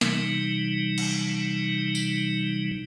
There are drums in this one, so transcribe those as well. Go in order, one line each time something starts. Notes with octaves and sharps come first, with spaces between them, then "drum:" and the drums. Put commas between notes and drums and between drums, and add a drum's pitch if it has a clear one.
C3 E3 F#3 G3 D#4, drum: snare
drum: cymbal
drum: tambourine